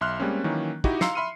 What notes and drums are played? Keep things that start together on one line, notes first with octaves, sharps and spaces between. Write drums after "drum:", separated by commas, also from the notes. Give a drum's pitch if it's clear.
B1 E5 C6 F6 F#6
G3 G#3 A#3 C4 C#4
D#3 E3 F#3 A#3 C#4
D#4 E4 F#4 G4 D#5, drum: kick
F5 A#5 C6 E6 C7 C#7, drum: snare
E5 B5 C6 F6 D#7